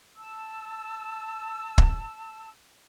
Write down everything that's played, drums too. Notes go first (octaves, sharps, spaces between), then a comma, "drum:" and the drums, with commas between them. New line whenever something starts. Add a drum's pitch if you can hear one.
A5 E6
drum: kick